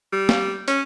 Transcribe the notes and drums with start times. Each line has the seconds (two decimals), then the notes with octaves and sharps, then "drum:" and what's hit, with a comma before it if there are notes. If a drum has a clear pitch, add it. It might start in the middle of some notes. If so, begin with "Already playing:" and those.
0.13 G3
0.29 drum: snare
0.68 C#4, drum: hi-hat